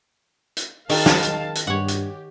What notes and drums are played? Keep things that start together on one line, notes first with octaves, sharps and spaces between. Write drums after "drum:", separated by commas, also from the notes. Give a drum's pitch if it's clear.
drum: hi-hat
D#3 G#4 A#4 D#5 F5 G5 A5, drum: open hi-hat
drum: snare
drum: hi-hat
drum: hi-hat
G2 G4 C#5 F#5
drum: hi-hat